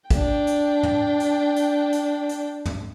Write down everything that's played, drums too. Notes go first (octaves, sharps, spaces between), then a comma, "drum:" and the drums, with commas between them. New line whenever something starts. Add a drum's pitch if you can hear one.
D4 G5, drum: kick, hi-hat
drum: hi-hat
drum: tom
drum: hi-hat
drum: hi-hat
drum: hi-hat
drum: hi-hat
drum: tom